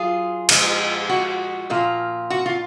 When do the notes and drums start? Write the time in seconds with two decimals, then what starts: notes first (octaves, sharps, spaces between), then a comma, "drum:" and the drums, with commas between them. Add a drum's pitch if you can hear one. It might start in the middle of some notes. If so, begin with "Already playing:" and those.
Already playing: F#3 F4 G#4
0.49 A#2 F3 G#3 D#4, drum: cymbal
1.09 F#4
1.70 A#2 F3 A#3 F4
2.30 F#4
2.46 F4